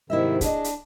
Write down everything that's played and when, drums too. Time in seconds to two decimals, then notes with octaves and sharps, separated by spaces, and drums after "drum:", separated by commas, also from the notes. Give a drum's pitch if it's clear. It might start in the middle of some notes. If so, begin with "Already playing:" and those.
0.10 G#2 C3 D#3 E4 D#5 E5
0.41 D4 G#4 D#5, drum: kick, hi-hat
0.64 drum: hi-hat